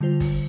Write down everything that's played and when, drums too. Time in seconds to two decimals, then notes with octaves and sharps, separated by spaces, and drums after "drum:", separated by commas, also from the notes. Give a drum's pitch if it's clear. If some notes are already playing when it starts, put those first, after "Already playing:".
0.01 D3 G3 F4 C5
0.20 drum: kick, open hi-hat